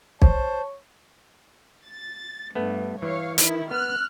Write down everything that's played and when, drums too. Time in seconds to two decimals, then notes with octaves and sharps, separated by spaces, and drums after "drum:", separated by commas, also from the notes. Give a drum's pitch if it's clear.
0.22 C5 C#5 A5, drum: kick B1
1.85 A6
2.55 G2 A3 B3
3.02 E3 C#5 F5
3.38 D#3 E4, drum: hi-hat
3.71 B3 F6 F#6